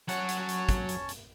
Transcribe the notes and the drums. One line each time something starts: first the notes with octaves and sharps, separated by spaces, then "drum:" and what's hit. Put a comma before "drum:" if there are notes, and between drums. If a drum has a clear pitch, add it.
F#3 C#4 C#5 F#5 A5, drum: hi-hat
drum: hi-hat
drum: hi-hat
drum: kick, hi-hat
drum: hi-hat
drum: hi-hat